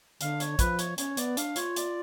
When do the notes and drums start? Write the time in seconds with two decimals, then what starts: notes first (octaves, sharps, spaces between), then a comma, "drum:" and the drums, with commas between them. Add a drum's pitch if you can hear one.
0.21 D3 F5, drum: hi-hat
0.40 C#5, drum: hi-hat
0.59 F3 B4, drum: kick, hi-hat
0.79 C#5, drum: hi-hat
0.98 C#4 C#5, drum: hi-hat
1.17 B3 D5, drum: hi-hat
1.37 D4 F5, drum: hi-hat
1.56 F4 C#5, drum: hi-hat
1.76 D5, drum: hi-hat